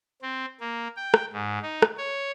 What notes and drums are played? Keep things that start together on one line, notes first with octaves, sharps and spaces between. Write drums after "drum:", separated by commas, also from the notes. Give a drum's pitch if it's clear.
C4
A#3
G5
drum: rim click
G#2
D#4
drum: rim click
C#5